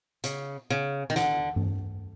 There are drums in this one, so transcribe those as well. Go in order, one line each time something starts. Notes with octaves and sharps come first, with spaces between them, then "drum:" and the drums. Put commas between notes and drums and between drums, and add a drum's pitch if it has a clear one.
C#3, drum: hi-hat
C#3
D#3
D3, drum: snare
drum: tom G2